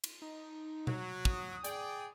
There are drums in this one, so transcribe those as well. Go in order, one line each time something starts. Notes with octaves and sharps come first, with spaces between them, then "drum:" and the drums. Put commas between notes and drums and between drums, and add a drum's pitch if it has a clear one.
drum: cymbal
D#4
F#3, drum: tom B2
D#6, drum: kick
G#4 D5 G5, drum: hi-hat